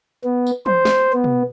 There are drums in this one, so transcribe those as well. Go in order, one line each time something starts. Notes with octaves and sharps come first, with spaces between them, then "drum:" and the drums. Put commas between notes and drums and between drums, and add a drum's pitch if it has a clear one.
B3
drum: tambourine
C5, drum: tom
drum: snare
B3
drum: tom B2